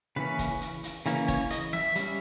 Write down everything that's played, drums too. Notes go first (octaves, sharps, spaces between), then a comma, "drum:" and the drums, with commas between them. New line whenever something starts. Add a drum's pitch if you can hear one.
C#3 E3 A#3 C#4 B4
drum: kick, hi-hat
drum: hi-hat
drum: hi-hat
C#3 E3 A#3 C#4, drum: hi-hat
C#5, drum: kick, hi-hat
D#5, drum: hi-hat
E5, drum: snare
G3 C#4, drum: hi-hat